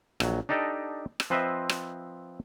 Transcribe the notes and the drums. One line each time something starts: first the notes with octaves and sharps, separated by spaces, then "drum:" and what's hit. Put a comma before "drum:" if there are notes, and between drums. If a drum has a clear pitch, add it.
A#1 F#3, drum: rim click
D4 D#4 G4 A4 D5 D#5
drum: rim click
F3 C4 B4 C5 D#5 E5
drum: rim click